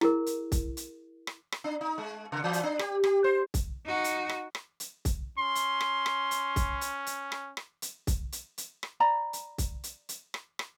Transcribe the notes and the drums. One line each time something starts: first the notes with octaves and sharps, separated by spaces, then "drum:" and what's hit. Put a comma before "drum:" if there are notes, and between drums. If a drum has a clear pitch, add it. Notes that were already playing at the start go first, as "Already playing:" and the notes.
E4 G#4 A#4, drum: rim click
drum: hi-hat
drum: kick, hi-hat
drum: hi-hat
drum: rim click
drum: rim click
D4
D#4
G#3
C#3
E3
drum: hi-hat
D4
G4, drum: rim click
G4, drum: rim click
C5
drum: kick, hi-hat
D#4 F#4
drum: hi-hat
drum: rim click
drum: rim click
drum: hi-hat
drum: kick, hi-hat
C#4 C6
drum: hi-hat
drum: rim click
drum: rim click
drum: hi-hat
drum: kick, hi-hat
drum: hi-hat
drum: hi-hat
drum: rim click
drum: rim click
drum: hi-hat
drum: kick, hi-hat
drum: hi-hat
drum: hi-hat
drum: rim click
D5 A#5 B5
drum: hi-hat
drum: kick, hi-hat
drum: hi-hat
drum: hi-hat
drum: rim click
drum: rim click